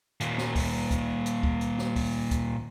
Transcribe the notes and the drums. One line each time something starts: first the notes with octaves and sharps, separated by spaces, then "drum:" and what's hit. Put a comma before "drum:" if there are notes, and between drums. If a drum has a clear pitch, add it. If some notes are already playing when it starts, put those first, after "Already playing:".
D#2 A#2, drum: hi-hat
drum: snare
drum: kick, open hi-hat
drum: kick, hi-hat
drum: hi-hat
drum: kick
drum: hi-hat
drum: snare
drum: kick, open hi-hat
drum: kick, hi-hat